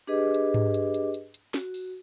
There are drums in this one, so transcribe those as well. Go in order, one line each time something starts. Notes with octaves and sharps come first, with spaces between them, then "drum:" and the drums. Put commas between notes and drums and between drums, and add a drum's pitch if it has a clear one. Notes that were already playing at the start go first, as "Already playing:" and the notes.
D4 G4 G#4 B4 D#5 D6
drum: hi-hat
drum: tom G#2
drum: hi-hat
drum: hi-hat
drum: hi-hat
drum: hi-hat
F#4, drum: snare
drum: open hi-hat